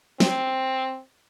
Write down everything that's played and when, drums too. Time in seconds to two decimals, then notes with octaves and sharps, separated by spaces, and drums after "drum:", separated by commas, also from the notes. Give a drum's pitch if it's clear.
0.20 C4, drum: snare